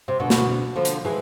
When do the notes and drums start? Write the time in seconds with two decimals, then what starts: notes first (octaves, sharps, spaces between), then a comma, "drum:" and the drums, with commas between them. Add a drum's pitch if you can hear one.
0.08 C3
0.20 B2 D3
0.30 drum: snare
0.76 D3 F3
0.85 drum: hi-hat
1.05 E3 G#3